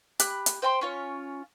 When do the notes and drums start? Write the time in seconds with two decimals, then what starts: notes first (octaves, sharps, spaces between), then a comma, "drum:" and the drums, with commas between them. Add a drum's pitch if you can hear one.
0.20 G4 B5 F#6, drum: hi-hat
0.46 drum: hi-hat
0.62 C5 G5 A5 C6
0.81 C#4 F4 C#5